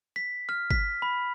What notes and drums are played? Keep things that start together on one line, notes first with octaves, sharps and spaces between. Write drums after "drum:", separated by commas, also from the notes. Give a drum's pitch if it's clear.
B6
F6
B6, drum: kick
B5